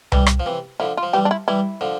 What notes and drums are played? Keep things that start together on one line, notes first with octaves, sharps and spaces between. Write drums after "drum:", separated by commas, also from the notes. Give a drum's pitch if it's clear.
E3 G3, drum: tom C2
drum: rim click
F3
C3 E3
D3 F3 E4
F4
F3
E3 G3 G4
D4
E4
E3 G3 E4
D3 F3